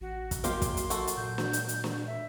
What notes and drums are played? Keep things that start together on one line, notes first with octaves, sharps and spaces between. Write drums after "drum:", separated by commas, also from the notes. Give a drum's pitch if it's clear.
A1 F#4
drum: kick, hi-hat
F#3 G#3 A#3 F4 G4 C6, drum: hi-hat
drum: kick, hi-hat
drum: hi-hat
F#4 A4, drum: hi-hat
drum: hi-hat
A#2 G6
drum: snare
drum: hi-hat
drum: hi-hat
drum: snare
E5